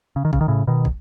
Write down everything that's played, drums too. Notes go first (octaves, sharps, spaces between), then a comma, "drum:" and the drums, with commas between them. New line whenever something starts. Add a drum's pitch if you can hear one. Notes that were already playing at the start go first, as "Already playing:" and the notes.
C#3
D#3
C#3, drum: kick
D#3
A2 C#3
B2 D#3
drum: kick